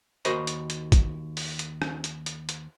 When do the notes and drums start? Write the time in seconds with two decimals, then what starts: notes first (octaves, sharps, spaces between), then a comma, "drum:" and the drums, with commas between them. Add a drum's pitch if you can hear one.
0.25 D#2 F#4 A#4 C5 D#5 B5, drum: hi-hat
0.47 drum: hi-hat
0.70 drum: hi-hat
0.92 drum: kick A#1, hi-hat
1.37 drum: open hi-hat
1.59 drum: hi-hat
1.82 drum: rim click
2.04 drum: hi-hat
2.26 drum: hi-hat
2.49 drum: hi-hat